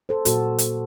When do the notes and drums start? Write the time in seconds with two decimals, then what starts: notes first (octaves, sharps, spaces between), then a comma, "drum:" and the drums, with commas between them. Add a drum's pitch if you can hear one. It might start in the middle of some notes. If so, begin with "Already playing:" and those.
0.09 A4 C5
0.25 A#2 F#3 A#3 F#4 A4, drum: hi-hat
0.58 drum: hi-hat